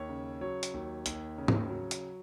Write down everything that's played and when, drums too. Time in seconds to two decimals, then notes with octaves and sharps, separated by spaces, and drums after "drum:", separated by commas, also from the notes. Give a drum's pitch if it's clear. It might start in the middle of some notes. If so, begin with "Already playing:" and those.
Already playing: D#2 C#5
0.09 C#3
0.41 F#3 C#5
0.63 drum: hi-hat
0.74 D#2
1.06 D#2, drum: hi-hat
1.38 C#3
1.48 drum: tom G#2
1.69 F#3
1.91 drum: hi-hat